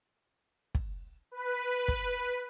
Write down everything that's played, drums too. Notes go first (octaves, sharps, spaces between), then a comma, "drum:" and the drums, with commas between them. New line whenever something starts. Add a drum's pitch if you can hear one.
drum: kick
B4
drum: kick